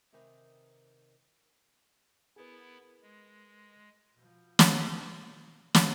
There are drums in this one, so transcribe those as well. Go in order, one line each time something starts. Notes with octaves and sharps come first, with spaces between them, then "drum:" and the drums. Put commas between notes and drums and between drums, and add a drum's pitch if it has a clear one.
C3 D#3 B4 G5 G#5
B3 E4 G#4 A#4 B4
G#3
B2 F3
drum: snare
drum: snare